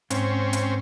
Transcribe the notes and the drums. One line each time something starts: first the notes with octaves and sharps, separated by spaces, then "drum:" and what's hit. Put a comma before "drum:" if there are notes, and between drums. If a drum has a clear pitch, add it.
G#2 C4 C#4, drum: hi-hat
drum: hi-hat